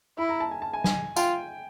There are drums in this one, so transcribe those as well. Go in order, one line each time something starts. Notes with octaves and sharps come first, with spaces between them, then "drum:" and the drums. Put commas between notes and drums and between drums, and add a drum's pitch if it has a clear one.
E4 B5
A#5
A5
G#5
A5
G#5
G#5, drum: snare
F4 G5, drum: tambourine